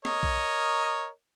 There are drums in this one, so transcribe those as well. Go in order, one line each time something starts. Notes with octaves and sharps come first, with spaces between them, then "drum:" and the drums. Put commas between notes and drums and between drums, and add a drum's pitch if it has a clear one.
A#4 C#5 D#5, drum: snare
drum: kick B1